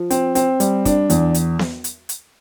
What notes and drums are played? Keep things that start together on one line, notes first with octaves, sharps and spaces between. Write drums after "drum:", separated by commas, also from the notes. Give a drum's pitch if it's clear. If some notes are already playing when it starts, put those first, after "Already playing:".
Already playing: F3
C4, drum: hi-hat
C4, drum: hi-hat
G3, drum: hi-hat
D4, drum: kick, hi-hat
E2, drum: hi-hat
drum: hi-hat
drum: snare B3
drum: hi-hat
drum: hi-hat